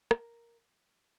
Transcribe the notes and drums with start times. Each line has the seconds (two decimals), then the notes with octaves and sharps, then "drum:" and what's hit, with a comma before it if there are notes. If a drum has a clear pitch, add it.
0.11 A#4, drum: rim click